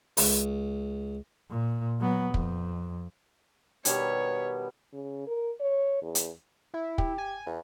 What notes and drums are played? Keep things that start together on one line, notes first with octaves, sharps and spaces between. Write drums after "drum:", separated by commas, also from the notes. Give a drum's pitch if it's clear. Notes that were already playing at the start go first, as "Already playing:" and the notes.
C#2, drum: open hi-hat
A#2
F#3 B3
F2, drum: kick
B2 D#3 G3 C#5, drum: hi-hat
C#3
A#4
C#5
E2
drum: hi-hat
E4
G4, drum: kick
G#5
E2